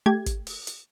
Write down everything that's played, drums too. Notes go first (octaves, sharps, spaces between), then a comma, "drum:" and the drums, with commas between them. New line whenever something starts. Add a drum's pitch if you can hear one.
A3 G4 G#6
drum: kick, hi-hat
drum: open hi-hat
drum: hi-hat